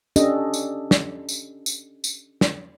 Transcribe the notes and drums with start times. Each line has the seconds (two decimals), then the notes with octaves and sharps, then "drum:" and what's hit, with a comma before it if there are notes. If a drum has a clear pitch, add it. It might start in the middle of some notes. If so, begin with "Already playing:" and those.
0.16 C#4 D4 G4 A4 D#5, drum: tambourine
0.53 drum: tambourine
0.91 drum: snare
1.29 drum: tambourine
1.66 drum: tambourine
2.04 drum: tambourine
2.41 drum: snare